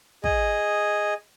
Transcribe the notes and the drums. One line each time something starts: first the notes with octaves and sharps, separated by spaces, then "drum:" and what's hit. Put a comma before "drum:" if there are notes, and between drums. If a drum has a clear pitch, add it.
G#4 D#5, drum: kick